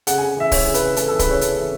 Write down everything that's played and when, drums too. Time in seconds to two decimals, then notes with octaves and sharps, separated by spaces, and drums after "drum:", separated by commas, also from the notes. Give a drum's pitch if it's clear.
0.07 C#3 F#5, drum: hi-hat
0.18 G#5
0.22 C#3
0.37 E3 E5
0.52 E3 C#5, drum: kick, open hi-hat
0.67 C#3
0.74 B4, drum: hi-hat
0.82 C#3
0.97 E3 A4, drum: hi-hat
1.08 A4
1.11 E3
1.19 B4, drum: kick, hi-hat
1.26 C#3 C#5
1.41 C#3, drum: hi-hat
1.57 E3